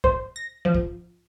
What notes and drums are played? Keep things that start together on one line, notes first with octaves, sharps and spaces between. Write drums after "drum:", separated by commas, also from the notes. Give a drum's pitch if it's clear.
C5, drum: kick
A#6
F3
drum: kick